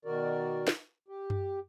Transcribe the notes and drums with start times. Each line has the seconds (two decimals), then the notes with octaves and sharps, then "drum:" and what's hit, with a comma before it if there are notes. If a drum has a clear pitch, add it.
0.05 B2 D#3 F#4 A#4 D5
0.68 drum: snare
1.08 G4
1.30 drum: tom F#2